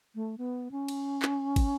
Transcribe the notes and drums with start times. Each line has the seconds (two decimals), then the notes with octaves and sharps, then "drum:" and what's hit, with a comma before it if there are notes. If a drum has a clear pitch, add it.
0.15 A3
0.38 B3
0.71 C#4
0.88 drum: cymbal
1.22 drum: clap
1.56 drum: kick, cymbal